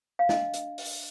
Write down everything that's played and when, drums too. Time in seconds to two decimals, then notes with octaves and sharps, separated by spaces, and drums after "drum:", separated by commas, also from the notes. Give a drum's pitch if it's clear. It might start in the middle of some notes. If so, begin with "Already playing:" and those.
0.19 F5
0.29 D4 D#5, drum: snare
0.54 drum: hi-hat
0.78 drum: open hi-hat